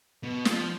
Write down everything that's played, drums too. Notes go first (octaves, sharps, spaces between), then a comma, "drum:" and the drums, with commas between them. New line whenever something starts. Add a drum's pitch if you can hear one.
B2
F3, drum: snare